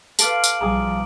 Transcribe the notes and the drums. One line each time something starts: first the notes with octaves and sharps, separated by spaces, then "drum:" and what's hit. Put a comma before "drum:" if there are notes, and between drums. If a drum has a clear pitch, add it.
F4 A4 B4 F5 D6 D7 F#7, drum: tambourine
drum: tambourine
B1 F3 G3 G#4 G#5 A#5 D6 D#6